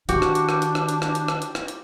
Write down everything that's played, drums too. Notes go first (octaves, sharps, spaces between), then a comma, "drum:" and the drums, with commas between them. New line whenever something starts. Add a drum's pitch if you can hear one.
D#3 D4 F#4 G4, drum: hi-hat
drum: rim click
drum: hi-hat
drum: rim click
drum: hi-hat
drum: rim click
drum: hi-hat
drum: rim click
drum: hi-hat
drum: rim click
drum: hi-hat
drum: rim click
drum: hi-hat